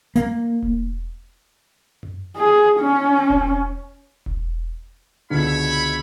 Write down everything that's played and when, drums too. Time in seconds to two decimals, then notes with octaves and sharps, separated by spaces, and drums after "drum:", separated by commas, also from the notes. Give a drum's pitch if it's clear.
0.16 A#3, drum: hi-hat
0.63 drum: kick E1
2.03 drum: tom F#2
2.36 G#4
2.80 C#4
3.30 drum: kick E1
4.26 drum: kick E1
5.30 C#2 B2 D3 C#5 E5 B5